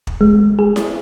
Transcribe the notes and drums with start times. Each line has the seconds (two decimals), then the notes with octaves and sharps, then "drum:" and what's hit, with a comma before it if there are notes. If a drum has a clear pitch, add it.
0.07 drum: kick
0.21 G#3
0.59 G#4
0.76 drum: snare E4